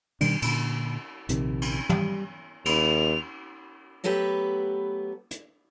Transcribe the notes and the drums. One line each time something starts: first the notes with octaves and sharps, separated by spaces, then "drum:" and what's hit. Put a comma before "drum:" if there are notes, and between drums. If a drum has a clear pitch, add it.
B2 D#3 G3 D4, drum: cymbal
A#2 D3, drum: cymbal
A#1 C3 D#3, drum: hi-hat
drum: cymbal
G3, drum: tom
D#2 F7, drum: cymbal
F#3 A3 B3 G4 B4
drum: hi-hat